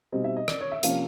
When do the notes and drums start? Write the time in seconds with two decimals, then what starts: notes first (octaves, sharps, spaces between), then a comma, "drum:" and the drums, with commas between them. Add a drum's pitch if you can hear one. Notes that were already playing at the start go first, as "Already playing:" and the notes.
0.12 B2 G3 C4 D#4 D#5
0.24 E5
0.36 D#5
0.48 D5, drum: rim click
0.60 C#5
0.71 E5
0.83 C3 F3 A#3 C#4 F5, drum: hi-hat